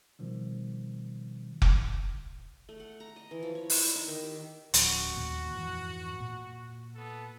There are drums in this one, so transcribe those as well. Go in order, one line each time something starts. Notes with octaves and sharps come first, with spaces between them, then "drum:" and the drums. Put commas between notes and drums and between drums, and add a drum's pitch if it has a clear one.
B2 D#3 F3 G3
drum: kick F1
A3
F#5
A#5
D#5
E3
F3
C#5
E4, drum: open hi-hat
D5
D#4
D#3
G4
D1 F3 C#4 F#4, drum: hi-hat
D#2 A#2
F2 G#2 E3
A#2
B3 A4